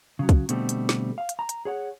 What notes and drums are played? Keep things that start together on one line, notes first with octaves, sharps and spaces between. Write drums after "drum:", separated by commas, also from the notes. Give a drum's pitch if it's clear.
C#3 F#3
drum: kick, hi-hat
B2 D3 G3 A3 C4, drum: hi-hat
drum: hi-hat
drum: snare
F5
drum: hi-hat
A#5
drum: hi-hat
G#4 C#5 F#5